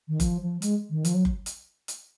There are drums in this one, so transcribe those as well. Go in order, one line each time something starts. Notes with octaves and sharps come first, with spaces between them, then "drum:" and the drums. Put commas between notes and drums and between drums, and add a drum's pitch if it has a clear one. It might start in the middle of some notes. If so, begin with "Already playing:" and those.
D#3
F3, drum: kick F#1, hi-hat
F3
G#3, drum: hi-hat
D#3
F3, drum: hi-hat
F#3
drum: kick F#1
drum: hi-hat
drum: hi-hat